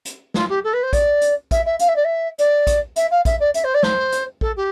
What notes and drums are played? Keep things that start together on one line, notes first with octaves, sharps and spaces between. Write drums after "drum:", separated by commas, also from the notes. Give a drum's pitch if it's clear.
drum: hi-hat
F4, drum: snare
G4
A4
B4
C5
D5, drum: kick, hi-hat
drum: hi-hat
E5, drum: kick, hi-hat
E5
F5, drum: hi-hat
E5
D5
E5
D5, drum: hi-hat
drum: kick, hi-hat
E5, drum: hi-hat
F5
E5, drum: kick, hi-hat
D5
E5, drum: hi-hat
C5
D5
C5, drum: snare
drum: hi-hat
A4, drum: kick
G4